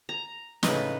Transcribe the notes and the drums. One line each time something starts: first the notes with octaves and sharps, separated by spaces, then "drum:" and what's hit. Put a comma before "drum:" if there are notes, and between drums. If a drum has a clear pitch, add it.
A#5
A2 C#3 D#4 B4, drum: snare